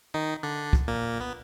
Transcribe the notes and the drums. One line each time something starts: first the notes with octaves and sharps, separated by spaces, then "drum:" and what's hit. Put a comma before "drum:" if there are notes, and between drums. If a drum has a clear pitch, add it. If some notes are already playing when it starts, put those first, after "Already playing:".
D#3 D#4
D3 D4
drum: kick
A#2 A#3
B3